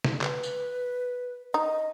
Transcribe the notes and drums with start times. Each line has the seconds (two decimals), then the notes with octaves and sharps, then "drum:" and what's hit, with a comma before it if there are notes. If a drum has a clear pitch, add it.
0.04 drum: snare
0.21 B4, drum: clap
0.43 drum: tambourine
1.54 D#4 D#5